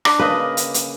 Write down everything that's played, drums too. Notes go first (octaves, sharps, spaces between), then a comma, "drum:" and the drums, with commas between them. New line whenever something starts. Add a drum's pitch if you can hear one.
D4 D6, drum: rim click
C#3 A#3 B4 D#5
drum: hi-hat
drum: hi-hat